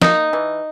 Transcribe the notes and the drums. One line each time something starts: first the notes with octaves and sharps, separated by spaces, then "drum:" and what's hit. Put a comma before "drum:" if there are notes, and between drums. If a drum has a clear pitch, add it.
A#3 D#4, drum: snare
E3